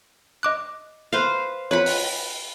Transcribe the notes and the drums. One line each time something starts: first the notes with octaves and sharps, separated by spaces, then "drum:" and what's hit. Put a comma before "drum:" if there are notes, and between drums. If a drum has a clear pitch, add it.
D#5 D6 F#6
B4 C5 F5
F4 B4 C#5 F#5 B5
drum: open hi-hat